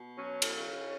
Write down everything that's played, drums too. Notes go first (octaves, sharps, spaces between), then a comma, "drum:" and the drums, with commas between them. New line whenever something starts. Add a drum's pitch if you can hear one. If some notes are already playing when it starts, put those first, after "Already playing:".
Already playing: B2
F#3 C#4
drum: cymbal
C#3